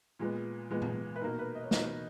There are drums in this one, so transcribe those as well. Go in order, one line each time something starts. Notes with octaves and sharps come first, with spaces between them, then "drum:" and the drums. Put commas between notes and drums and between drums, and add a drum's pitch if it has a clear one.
A#2 G#3 B3
A#2 G#3 B3
drum: tom A#2
B4
B2 A#3 D#4 A#4
B4
D#5
C#5
B2 A#3 D#4 D#5, drum: snare